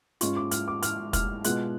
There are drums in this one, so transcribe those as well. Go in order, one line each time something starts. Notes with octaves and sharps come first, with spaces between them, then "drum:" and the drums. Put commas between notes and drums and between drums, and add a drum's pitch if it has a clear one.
G#2 G#3 C#4 F4 C#6, drum: hi-hat
D6
F6, drum: hi-hat
D6
F6, drum: hi-hat
F6, drum: kick, hi-hat
B2 G#3 B3 F4 F#6, drum: hi-hat